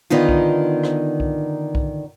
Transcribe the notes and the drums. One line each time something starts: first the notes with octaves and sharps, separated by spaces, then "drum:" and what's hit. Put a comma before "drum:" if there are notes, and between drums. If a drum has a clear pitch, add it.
D3 D#3 B3 D#4 F4
drum: kick B1
drum: rim click
drum: kick B1
drum: kick B1